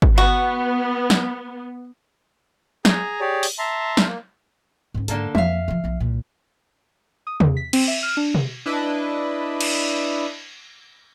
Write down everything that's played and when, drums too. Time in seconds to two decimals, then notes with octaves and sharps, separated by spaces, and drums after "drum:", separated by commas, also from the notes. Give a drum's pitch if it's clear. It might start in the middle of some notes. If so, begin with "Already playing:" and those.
0.02 drum: kick
0.18 B3 F#4
1.10 drum: snare
2.85 G#4 G#5 A#5, drum: snare
3.21 G4 G#4 C#5 D5
3.43 drum: open hi-hat
3.59 E5 A5 A#5 C6
3.97 drum: snare
4.06 A#3
4.94 G#2 D3 C#4
5.08 D3 A#3 B3 A4, drum: hi-hat
5.35 F2 F3 A#3 E5 F5, drum: tom
5.68 D3 F3
5.84 B1 F3 B3
6.00 C2 A#2
7.27 D#6
7.40 E2, drum: tom
7.57 B6
7.73 C4, drum: cymbal
7.88 E5
8.03 F6
8.17 D4
8.35 drum: tom
8.66 D4 E4 B4 D#5
9.61 drum: cymbal